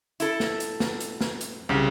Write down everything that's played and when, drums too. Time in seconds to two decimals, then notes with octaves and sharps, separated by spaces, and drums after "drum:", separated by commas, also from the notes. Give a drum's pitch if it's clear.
0.20 E4 A4, drum: hi-hat
0.40 drum: snare
0.60 drum: hi-hat
0.80 drum: snare
1.00 drum: hi-hat
1.21 drum: snare
1.41 drum: hi-hat
1.69 C2 C#3 G4